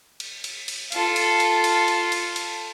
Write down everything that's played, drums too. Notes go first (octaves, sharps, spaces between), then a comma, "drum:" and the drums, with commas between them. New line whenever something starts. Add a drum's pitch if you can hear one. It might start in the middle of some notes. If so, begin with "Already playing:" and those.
drum: cymbal
drum: cymbal
drum: cymbal
F4 A4, drum: cymbal
drum: cymbal
drum: cymbal
drum: cymbal
drum: cymbal
drum: cymbal
drum: cymbal